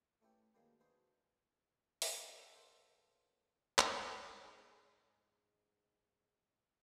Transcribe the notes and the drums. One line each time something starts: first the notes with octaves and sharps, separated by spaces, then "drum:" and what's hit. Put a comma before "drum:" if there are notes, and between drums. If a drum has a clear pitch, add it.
A3 C#4 E4 G4 B4
D#3 F#3 G#3 A#3 B3 D4
D4 D#4 F#4 G#4 B4 C5
drum: open hi-hat
G#4 C#5 D5 F6 A#6 D7
A#4 F5 F#5 A5 E6 G6
A4 B4 D5 C6 G6
drum: clap
G#2 D#4 G#4